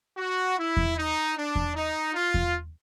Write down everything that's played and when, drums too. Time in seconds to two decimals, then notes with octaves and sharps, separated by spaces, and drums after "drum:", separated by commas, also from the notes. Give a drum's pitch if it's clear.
0.17 F#4
0.57 E4
0.77 drum: kick E2
0.96 D#4
1.36 D4
1.55 drum: kick E2
1.76 D#4
2.14 F4
2.34 drum: kick E2